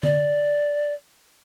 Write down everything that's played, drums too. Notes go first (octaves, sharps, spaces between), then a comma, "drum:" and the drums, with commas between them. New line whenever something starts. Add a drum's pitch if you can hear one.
D5, drum: tom D3